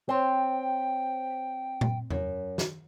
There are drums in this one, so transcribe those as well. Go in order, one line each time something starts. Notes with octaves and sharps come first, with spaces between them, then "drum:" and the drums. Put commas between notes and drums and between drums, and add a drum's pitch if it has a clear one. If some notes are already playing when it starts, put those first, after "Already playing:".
C4 C5 C#5 G5
drum: tom A#2
F#2, drum: tom E2
drum: snare